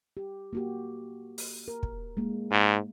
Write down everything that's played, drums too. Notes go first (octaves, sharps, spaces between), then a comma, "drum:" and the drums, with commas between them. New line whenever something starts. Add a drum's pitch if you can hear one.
G4
A#3 F#4 G4
drum: open hi-hat
A#4
drum: kick
G#3 A#3
G#2